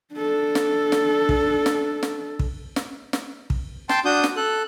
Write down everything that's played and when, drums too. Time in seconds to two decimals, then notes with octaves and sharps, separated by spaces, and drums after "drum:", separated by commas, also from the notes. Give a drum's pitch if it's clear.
0.15 D4 A4
0.55 drum: snare
0.92 drum: snare
1.29 drum: kick
1.66 drum: snare
2.03 drum: snare
2.39 drum: kick
2.76 drum: snare
3.13 drum: snare
3.50 drum: kick
3.89 G5 A5 C6, drum: snare
4.05 D4 F#4 D#6 G6
4.24 drum: snare
4.37 A4 F#6